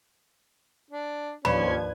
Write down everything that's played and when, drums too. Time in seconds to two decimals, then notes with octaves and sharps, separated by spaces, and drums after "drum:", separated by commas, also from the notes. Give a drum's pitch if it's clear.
0.91 D4
1.45 D#2 F3 C#4 D4 B4 B5 G#6, drum: tom